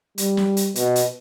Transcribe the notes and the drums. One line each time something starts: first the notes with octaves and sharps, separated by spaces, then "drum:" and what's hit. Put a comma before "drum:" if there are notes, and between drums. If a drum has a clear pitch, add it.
G3, drum: hi-hat
drum: snare
drum: hi-hat
B2, drum: hi-hat
drum: hi-hat